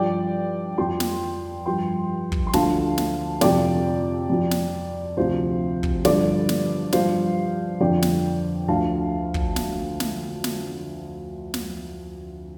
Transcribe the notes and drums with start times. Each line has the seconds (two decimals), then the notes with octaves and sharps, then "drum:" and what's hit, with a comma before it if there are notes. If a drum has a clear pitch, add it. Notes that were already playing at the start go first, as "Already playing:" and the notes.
Already playing: G2 F3 D5 G5
0.78 F2 F3 G5 C6
1.00 drum: snare
1.66 G2 F3 G5 C6
2.32 drum: kick
2.47 C6
2.53 D2 D3 F3 F5 A5, drum: snare
2.98 drum: snare
3.41 F2 C3 F3 D5 G5, drum: snare
4.30 F2 F3
4.51 drum: snare
5.17 D2 C3 F3 C5 F5
5.83 drum: kick
6.05 G2 D3 F3 D5, drum: snare
6.49 drum: snare
6.92 G2 F3 C5 F5, drum: snare
7.80 F2 D3 F3 D5 G5
8.02 drum: snare
8.68 D2 D3 F3 F5 A5
9.34 drum: kick
9.56 drum: snare
10.00 drum: snare
10.44 drum: snare
11.54 drum: snare